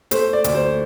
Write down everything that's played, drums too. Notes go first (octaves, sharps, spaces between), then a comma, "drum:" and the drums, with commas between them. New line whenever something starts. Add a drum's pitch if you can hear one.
A3 C5, drum: hi-hat
D5
D2, drum: hi-hat
C5